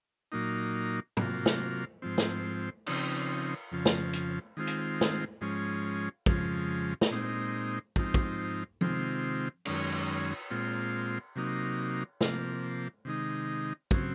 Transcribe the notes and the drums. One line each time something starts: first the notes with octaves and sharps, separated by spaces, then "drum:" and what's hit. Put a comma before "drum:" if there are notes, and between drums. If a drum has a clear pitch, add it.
A#2 F#3 A#3 D#4
C3 F#3 A#3 F4, drum: tom G#2
drum: snare
G#2 F3 C4
drum: snare
C#3 F3 C4 D#4, drum: cymbal
F2 C#3 F3
drum: snare
drum: hi-hat
D#3 G#3 C4 F4
drum: hi-hat
drum: snare
G#2 F3 G#3 C#4
F2 C#3 F3 G#3, drum: kick
drum: snare
A#2 G#3 C4 D#4
G#2 F3 C4 D#4, drum: kick
drum: kick
C3 D#3 G#3 C4 F4, drum: tom F3
F#2 D#3 G#3 C#4, drum: cymbal
drum: cymbal
A#2 G#3 C4 F4
C3 F#3 A#3 D#4
C3 F3 A#3, drum: snare
C3 D#3 G#3 D#4
C#3 F#3 C4, drum: kick